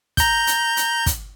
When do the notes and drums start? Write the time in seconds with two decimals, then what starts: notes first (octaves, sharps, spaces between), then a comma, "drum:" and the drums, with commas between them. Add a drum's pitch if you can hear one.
0.17 A#5 G6, drum: kick, hi-hat
0.47 drum: hi-hat
0.77 drum: hi-hat
1.06 drum: kick, hi-hat